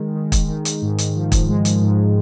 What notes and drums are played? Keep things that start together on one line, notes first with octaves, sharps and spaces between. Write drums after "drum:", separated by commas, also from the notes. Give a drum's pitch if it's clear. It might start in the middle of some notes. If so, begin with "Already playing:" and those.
Already playing: D#3 G#3
D#3
drum: kick, hi-hat
D#3
drum: hi-hat
G#2
drum: hi-hat
F3
drum: kick, hi-hat
G#3
drum: hi-hat
G#2